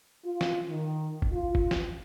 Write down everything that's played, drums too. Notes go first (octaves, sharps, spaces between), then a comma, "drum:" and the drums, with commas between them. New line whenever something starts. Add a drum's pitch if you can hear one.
F4
drum: snare
D#3
drum: kick F#1
F4
drum: kick F#1
drum: snare